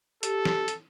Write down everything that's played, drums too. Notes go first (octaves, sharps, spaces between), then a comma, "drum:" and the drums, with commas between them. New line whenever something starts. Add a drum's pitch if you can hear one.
G4 A4, drum: hi-hat
drum: snare
drum: hi-hat